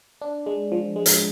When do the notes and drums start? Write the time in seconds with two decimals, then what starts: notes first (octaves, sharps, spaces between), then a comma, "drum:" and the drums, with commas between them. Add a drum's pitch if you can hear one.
0.21 D4
0.46 G#3
0.72 F3
0.96 G#3
1.06 drum: hi-hat